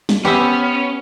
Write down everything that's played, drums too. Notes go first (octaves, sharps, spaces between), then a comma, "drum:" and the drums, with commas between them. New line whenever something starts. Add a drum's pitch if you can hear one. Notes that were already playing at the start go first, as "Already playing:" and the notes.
drum: snare
B3 C#4 G4 C5 E5